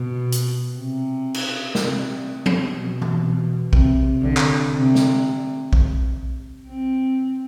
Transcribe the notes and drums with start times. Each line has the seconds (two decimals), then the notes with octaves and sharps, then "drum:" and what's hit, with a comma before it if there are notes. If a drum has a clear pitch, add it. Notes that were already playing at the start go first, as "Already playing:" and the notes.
Already playing: B2
0.32 drum: hi-hat
0.77 C3
1.34 drum: cymbal
1.75 C3, drum: snare
2.46 drum: tom F3
2.74 B2
3.02 drum: tom E3
3.23 B2
3.73 C3, drum: kick A#1
4.21 D3
4.37 drum: clap
4.71 C3
4.95 drum: snare
5.73 drum: kick A#1
6.68 C4